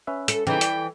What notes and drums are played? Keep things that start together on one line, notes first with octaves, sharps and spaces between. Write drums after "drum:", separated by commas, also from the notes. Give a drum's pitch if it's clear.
C#4 B4 E5
A4, drum: hi-hat
C#3 E3 D#4 G5
D5, drum: hi-hat